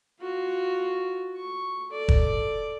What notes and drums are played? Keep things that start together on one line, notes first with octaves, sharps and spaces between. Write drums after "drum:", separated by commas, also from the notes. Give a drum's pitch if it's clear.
F4 F#4
C#6
A4 D5
drum: kick